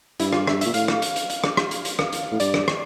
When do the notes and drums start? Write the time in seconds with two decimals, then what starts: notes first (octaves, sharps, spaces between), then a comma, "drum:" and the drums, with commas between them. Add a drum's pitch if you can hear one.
0.20 G2 E4, drum: hi-hat
0.33 F4, drum: rim click
0.47 E5, drum: rim click
0.61 A#2 E5, drum: hi-hat
0.74 A2 F5, drum: hi-hat
0.88 drum: rim click
1.02 drum: hi-hat
1.16 drum: hi-hat
1.30 drum: hi-hat
1.44 drum: rim click
1.57 drum: rim click
1.71 drum: hi-hat
1.85 drum: hi-hat
1.99 drum: rim click
2.13 drum: hi-hat
2.32 A2
2.40 G2 D5, drum: hi-hat
2.54 drum: rim click
2.68 drum: rim click